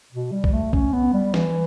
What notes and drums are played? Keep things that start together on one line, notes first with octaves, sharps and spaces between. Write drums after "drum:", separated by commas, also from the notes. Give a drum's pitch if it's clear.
B2
G3
drum: kick B1
A3
C#4, drum: kick B1
B3
G3
E3, drum: snare C#4